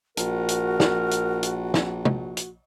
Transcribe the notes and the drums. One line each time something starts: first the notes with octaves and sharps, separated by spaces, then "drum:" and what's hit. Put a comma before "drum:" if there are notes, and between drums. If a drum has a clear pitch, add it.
A#1 F#4 A#4, drum: hi-hat
drum: hi-hat
drum: snare
drum: hi-hat
drum: hi-hat
drum: snare
drum: tom
drum: hi-hat